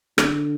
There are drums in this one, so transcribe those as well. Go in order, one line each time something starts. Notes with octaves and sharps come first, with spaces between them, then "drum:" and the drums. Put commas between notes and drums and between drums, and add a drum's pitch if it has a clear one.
D3, drum: rim click